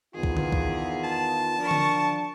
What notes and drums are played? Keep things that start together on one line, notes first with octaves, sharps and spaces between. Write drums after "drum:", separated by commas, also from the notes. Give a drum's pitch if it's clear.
E2 D#3 B3 F4 G#4
drum: kick
drum: tom D3
drum: kick
A5
F3 D4 A#4 C#6
drum: tom D3